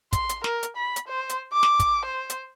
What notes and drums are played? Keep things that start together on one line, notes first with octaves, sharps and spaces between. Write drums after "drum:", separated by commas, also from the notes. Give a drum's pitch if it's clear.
C6, drum: kick, hi-hat
drum: hi-hat
A#4, drum: snare
drum: hi-hat
B5
drum: hi-hat
C5
drum: hi-hat
D6
drum: snare
drum: kick, hi-hat
C5
drum: hi-hat